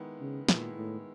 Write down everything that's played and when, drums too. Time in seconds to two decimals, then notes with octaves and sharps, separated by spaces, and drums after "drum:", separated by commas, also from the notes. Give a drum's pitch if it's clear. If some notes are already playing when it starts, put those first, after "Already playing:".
Already playing: D#3 G#3 B3 E4
0.21 C#3
0.49 A#2 D#3 G#3 B3 E4, drum: snare
0.77 A2